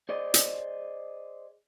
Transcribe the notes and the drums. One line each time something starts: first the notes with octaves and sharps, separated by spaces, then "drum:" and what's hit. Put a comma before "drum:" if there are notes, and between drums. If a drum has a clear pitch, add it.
G#4 C5 D5 D#5
drum: hi-hat